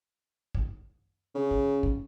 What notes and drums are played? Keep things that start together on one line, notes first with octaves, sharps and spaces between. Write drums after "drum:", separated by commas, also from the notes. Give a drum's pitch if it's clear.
drum: kick
C#3
drum: kick
drum: kick